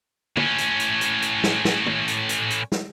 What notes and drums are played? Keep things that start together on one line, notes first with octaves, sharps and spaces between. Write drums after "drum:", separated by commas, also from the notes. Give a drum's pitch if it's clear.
A2 C#4, drum: tom
drum: hi-hat
drum: hi-hat
drum: hi-hat
drum: hi-hat
drum: snare
drum: snare
drum: tom
drum: hi-hat
drum: hi-hat
drum: hi-hat
drum: snare